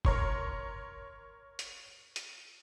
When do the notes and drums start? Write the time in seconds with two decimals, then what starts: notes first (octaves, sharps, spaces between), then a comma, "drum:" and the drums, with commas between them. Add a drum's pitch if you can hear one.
0.05 A#4 C#5 C6, drum: kick
1.59 drum: hi-hat
2.16 drum: hi-hat